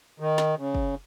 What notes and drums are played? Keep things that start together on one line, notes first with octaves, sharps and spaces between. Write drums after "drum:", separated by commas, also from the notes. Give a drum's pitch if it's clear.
D#3
drum: snare
C#3
drum: kick